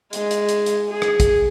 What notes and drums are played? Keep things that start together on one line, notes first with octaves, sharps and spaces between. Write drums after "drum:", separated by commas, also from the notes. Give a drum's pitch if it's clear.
G#3, drum: hi-hat
drum: hi-hat
drum: hi-hat
drum: hi-hat
G#4
drum: rim click
drum: kick, hi-hat